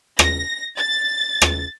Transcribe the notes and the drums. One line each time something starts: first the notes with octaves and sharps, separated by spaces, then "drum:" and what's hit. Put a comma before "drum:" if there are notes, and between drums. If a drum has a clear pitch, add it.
A#6, drum: rim click
A6
drum: rim click